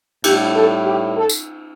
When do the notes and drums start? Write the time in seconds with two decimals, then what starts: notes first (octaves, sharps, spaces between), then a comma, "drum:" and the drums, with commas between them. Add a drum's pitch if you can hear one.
0.24 A2 G3 G4, drum: cymbal
0.55 A4
0.85 G4
1.15 A4
1.29 drum: tambourine